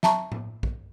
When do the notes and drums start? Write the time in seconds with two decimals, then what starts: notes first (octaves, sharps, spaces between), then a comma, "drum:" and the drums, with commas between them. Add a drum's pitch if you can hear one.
0.03 E5 A5 A#5 C#6, drum: snare
0.32 drum: tom A2
0.63 drum: kick A#1